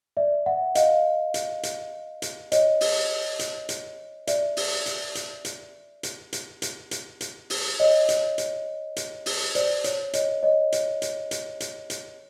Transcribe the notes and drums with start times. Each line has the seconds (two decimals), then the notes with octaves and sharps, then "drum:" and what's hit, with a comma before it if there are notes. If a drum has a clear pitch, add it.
0.17 D5 E5
0.46 E5 F#5
0.75 D#5 F5, drum: hi-hat
1.34 drum: hi-hat
1.63 drum: hi-hat
2.22 drum: hi-hat
2.52 C#5 D#5, drum: hi-hat
2.81 drum: open hi-hat
3.39 drum: hi-hat
3.69 drum: hi-hat
4.27 D5 E5, drum: hi-hat
4.57 drum: open hi-hat
4.86 drum: hi-hat
5.15 drum: hi-hat
5.45 drum: hi-hat
6.03 drum: hi-hat
6.33 drum: hi-hat
6.62 drum: hi-hat
6.91 drum: hi-hat
7.21 drum: hi-hat
7.50 drum: open hi-hat
7.80 C#5 D#5
8.09 drum: hi-hat
8.38 drum: hi-hat
8.96 drum: hi-hat
9.26 drum: open hi-hat
9.55 C5 D5, drum: hi-hat
9.84 C#5, drum: hi-hat
10.13 C#5 D#5, drum: hi-hat
10.43 C#5 D#5
10.72 drum: hi-hat
11.02 drum: hi-hat
11.31 drum: hi-hat
11.60 drum: hi-hat
11.90 drum: hi-hat